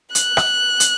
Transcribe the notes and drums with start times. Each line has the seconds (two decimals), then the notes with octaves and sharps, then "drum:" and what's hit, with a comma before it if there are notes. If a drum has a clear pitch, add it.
0.15 F#6, drum: hi-hat
0.37 drum: rim click
0.80 drum: hi-hat